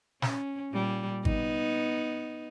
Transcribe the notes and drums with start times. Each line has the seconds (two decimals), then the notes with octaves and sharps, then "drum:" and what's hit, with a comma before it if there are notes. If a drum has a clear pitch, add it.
0.22 C#4, drum: snare
0.72 A#2 G3
1.25 B3 D#4, drum: kick G#1